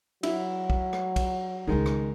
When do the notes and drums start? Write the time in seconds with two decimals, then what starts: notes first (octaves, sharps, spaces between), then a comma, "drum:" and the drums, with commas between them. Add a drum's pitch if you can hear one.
0.23 F#3 E4 E5, drum: cymbal
0.70 drum: kick
0.93 drum: rim click
1.16 drum: kick, cymbal
1.67 C#2 D#3 G#3 F4
1.86 drum: rim click